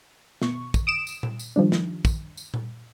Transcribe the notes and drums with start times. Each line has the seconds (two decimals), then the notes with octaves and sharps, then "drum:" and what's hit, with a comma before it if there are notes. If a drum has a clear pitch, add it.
0.42 B2 C#6, drum: snare
0.74 drum: kick, tambourine
0.87 D#6 D7 E7
1.07 drum: tambourine
1.23 drum: tom A#2
1.39 drum: tambourine
1.56 D#3 F3 G3 D4
1.72 drum: snare
2.05 drum: kick, tambourine
2.37 drum: tambourine
2.54 drum: tom A#2